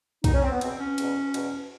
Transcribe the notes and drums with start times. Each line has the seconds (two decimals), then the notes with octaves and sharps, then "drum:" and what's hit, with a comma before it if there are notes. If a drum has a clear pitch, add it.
0.24 C2 B2 D#4, drum: kick B1, cymbal
0.34 C#4
0.43 C4
0.52 B3
0.61 E2 B2 C4, drum: cymbal
0.79 C#4
0.98 E2 B2, drum: cymbal
1.34 E2 B2, drum: cymbal